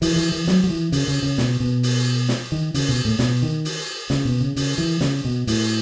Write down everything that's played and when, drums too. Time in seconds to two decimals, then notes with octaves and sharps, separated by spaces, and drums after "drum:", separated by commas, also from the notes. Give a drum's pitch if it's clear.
0.02 E3, drum: open hi-hat
0.16 E3
0.32 E3
0.47 F#3, drum: snare
0.64 F#3
0.70 E3
0.92 C#3, drum: open hi-hat
1.08 C#3
1.23 C#3
1.38 B2, drum: snare
1.60 B2
1.83 drum: open hi-hat
2.29 drum: snare
2.52 D#3
2.74 C#3, drum: open hi-hat
2.89 B2
3.05 A2
3.19 B2, drum: snare
3.42 D#3
3.65 drum: open hi-hat
4.10 C#3, drum: snare
4.25 B2
4.41 C#3
4.56 C#3, drum: open hi-hat
4.78 E3
5.01 C#3, drum: snare
5.25 B2
5.47 A2, drum: open hi-hat